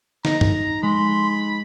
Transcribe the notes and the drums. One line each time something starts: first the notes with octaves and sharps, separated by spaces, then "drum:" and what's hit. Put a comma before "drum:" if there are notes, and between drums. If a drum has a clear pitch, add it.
D#4 A#5, drum: snare
drum: tom
G#3 B5 C6